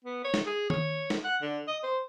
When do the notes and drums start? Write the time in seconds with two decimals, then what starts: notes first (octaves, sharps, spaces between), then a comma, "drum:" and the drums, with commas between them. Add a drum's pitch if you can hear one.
0.05 B3
0.24 C#5
0.34 drum: snare
0.46 G#4
0.70 C#5, drum: tom D#3
1.10 drum: snare
1.24 F#5
1.42 D3
1.68 D#5
1.83 C5